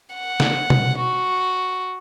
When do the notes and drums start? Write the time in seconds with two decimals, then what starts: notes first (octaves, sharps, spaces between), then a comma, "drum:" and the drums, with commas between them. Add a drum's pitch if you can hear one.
0.15 F#5
0.40 drum: snare
0.70 drum: tom
1.00 F#4